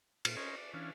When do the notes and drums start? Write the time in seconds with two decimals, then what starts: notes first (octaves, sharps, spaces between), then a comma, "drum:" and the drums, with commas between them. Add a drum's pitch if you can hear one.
0.25 A#2 F4, drum: cymbal
0.37 C#4 A#4 C5 C#5 D#5 G#5
0.58 D5
0.74 E3 C#4 D4 F5